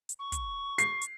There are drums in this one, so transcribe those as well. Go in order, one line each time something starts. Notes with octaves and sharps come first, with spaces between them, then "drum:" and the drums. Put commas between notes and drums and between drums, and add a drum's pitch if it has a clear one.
drum: hi-hat
C#6
drum: kick, hi-hat
C7, drum: hi-hat
drum: hi-hat